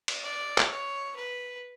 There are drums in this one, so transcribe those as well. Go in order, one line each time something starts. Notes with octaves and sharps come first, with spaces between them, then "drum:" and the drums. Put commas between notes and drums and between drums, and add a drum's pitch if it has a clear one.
drum: cymbal
D5
drum: clap
C#5
B4